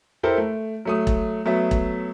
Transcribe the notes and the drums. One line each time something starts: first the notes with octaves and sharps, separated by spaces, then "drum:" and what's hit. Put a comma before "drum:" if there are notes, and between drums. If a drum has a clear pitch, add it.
E4 G4 A4 A#4 C5
A3
F#3 A3 D#6
drum: kick E1
F#3 A3 B3 E5
drum: kick E1